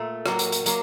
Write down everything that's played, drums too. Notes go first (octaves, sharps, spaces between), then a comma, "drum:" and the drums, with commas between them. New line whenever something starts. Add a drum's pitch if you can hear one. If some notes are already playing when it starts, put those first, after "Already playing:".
Already playing: A#2 A3
A2 F#3 A#3, drum: rim click
drum: hi-hat
drum: hi-hat
F#3 A#3, drum: hi-hat